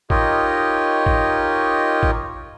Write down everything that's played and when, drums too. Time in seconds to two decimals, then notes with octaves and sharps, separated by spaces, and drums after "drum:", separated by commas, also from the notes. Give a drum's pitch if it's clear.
0.10 D#4 F4 G4 A#4 C#5 D#5, drum: kick
1.06 drum: kick
2.03 drum: kick